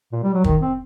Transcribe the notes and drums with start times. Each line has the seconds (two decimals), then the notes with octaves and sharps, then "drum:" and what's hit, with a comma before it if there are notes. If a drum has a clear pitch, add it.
0.12 A#2
0.23 G3
0.34 F#3
0.44 D#3, drum: kick
0.61 C4